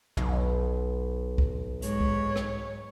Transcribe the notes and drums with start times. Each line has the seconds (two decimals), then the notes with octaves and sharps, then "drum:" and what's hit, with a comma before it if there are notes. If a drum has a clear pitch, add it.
0.17 B1, drum: tom
1.38 drum: kick C2
1.82 G#2 C#5, drum: hi-hat
2.01 drum: kick C2
2.36 drum: rim click